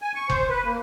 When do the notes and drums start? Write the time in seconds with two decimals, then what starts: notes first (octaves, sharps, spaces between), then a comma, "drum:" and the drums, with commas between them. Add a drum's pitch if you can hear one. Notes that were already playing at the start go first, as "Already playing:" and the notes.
0.02 G#5
0.15 C#6
0.30 C5, drum: kick F#1
0.49 B4
0.65 A#3